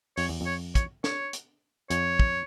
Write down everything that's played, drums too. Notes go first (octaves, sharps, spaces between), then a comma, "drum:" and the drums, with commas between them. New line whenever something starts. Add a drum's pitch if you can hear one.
F2 C#5, drum: open hi-hat
E2
F2
C#5
C#5, drum: kick, hi-hat
C#5, drum: snare
drum: hi-hat
F2 C#5, drum: hi-hat
drum: kick